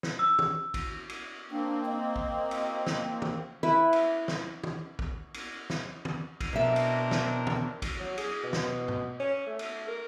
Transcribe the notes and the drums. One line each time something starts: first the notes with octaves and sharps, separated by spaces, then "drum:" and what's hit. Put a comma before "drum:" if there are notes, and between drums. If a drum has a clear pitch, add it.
drum: snare
E6
drum: tom
drum: kick, cymbal
drum: cymbal
A#3 C4 D4
D#5
drum: kick
drum: cymbal
drum: snare
drum: tom
E4 B4
drum: cymbal
drum: snare
drum: tom
drum: kick
drum: cymbal
drum: snare
drum: tom
drum: kick, cymbal
B2 C4 D4 A#4 E5
drum: cymbal
drum: snare
drum: tom
drum: kick, cymbal
F#3
G#4, drum: cymbal
B2
drum: snare
drum: tom G#2
C#4
A3
drum: cymbal
A#4